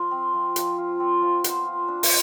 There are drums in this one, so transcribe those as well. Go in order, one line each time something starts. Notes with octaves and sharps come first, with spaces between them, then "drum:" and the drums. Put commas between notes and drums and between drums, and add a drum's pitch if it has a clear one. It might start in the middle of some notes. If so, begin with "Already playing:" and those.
Already playing: F3 F4 C5
C4
F3
F3, drum: hi-hat
F4
C4
F3
B3 C5, drum: hi-hat
F4
D4
drum: open hi-hat